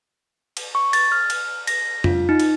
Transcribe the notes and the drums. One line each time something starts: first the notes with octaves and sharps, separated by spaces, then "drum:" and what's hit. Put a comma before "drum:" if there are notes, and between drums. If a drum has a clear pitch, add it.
drum: cymbal
C#6
A6, drum: cymbal
F6
drum: cymbal
A#6, drum: cymbal
F4, drum: tom F2
D#4
drum: cymbal